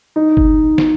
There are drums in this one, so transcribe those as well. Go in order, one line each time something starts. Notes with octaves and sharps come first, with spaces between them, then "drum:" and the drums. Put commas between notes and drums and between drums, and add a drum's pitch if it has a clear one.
D#4
drum: kick G1
drum: snare